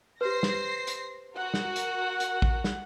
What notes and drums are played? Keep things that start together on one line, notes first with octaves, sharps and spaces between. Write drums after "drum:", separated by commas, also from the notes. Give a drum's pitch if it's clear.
G4 B4 C5 A#6 C7
drum: snare
drum: hi-hat
F#4 A#4 F#5
drum: snare
drum: hi-hat
drum: hi-hat
drum: kick A1
drum: snare